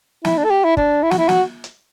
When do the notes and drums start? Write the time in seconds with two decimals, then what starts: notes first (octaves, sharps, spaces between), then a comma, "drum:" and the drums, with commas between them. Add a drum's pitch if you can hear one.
0.25 E4, drum: snare
0.38 D4
0.44 A4
0.51 G4
0.64 E4
0.77 D4, drum: kick
1.03 E4
1.11 F#4, drum: snare
1.18 E4
1.29 F#4, drum: snare
1.64 drum: hi-hat